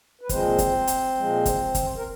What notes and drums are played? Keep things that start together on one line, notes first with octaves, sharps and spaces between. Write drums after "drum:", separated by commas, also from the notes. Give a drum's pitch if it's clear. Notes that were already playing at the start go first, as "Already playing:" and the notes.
B4
A#2 F3 G#3 C4 C5, drum: kick, hi-hat
drum: kick, hi-hat
drum: hi-hat
A#2 F3 G#3
drum: kick, hi-hat
drum: kick, hi-hat
A#4